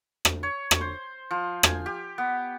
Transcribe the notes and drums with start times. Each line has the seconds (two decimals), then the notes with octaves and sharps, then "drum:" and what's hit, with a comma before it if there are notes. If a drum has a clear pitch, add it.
0.25 drum: rim click
0.43 C#5
0.71 drum: rim click
0.81 C5
1.31 F3
1.63 G#5, drum: rim click
1.86 G4
2.18 B3